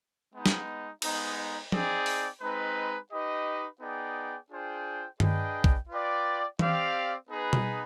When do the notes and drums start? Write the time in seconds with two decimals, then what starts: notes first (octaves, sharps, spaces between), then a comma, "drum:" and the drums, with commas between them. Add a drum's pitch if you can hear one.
0.33 G#3 B3 D#4
0.46 drum: snare
1.02 G#3 B3 D#4, drum: cymbal
1.72 C4 D#4 G#4 D5 G5, drum: tom F3
2.06 drum: open hi-hat
2.41 G#3 C4 D#4 B4
3.11 D#4 G4 B4 D#5
3.80 B3 D#4 G#4 D5 G5
4.50 D4 F4 G#4 C5 G5
5.20 D4 G#4 B4 D#5 G5, drum: tom G2
5.64 drum: kick
5.89 F4 B4 D5 G5
6.59 C4 G4 D5 F5, drum: tom E3
7.29 B3 D#4 G#4 B4
7.53 drum: tom B2